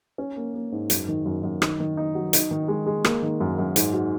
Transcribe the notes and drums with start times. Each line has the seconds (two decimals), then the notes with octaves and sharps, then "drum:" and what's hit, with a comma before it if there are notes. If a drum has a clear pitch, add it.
0.18 C#4
0.36 A#3
0.54 A#3
0.72 G#2
0.90 F#2, drum: hi-hat
1.08 D#3
1.26 F#2
1.43 F#2
1.62 D#3, drum: rim click
1.80 D#3
1.97 D#4
2.15 F#3
2.33 D#4, drum: hi-hat
2.51 D#3
2.68 G#3
2.86 G#3
3.04 A#3, drum: rim click
3.23 D#3
3.41 F#2
3.59 F#2
3.76 G#2, drum: hi-hat
3.94 F#3